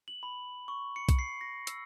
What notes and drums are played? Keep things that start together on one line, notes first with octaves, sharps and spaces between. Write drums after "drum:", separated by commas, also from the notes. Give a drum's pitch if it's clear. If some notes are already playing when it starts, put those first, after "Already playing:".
F#7
B5
C#6
C#7
drum: kick B1, hi-hat
C7
A#6
E6, drum: hi-hat